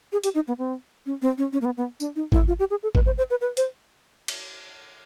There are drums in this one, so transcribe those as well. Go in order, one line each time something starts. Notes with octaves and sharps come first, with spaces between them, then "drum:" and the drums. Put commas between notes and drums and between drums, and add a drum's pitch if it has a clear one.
G#4
G4, drum: hi-hat
D#4
B3
C4
C#4
C4
C#4
C#4
A#3
B3
B3
D4, drum: tambourine
D#4
E4, drum: kick
F4
G4
G#4
A4
B4, drum: kick
C5
C5
B4
B4
C5, drum: hi-hat
drum: cymbal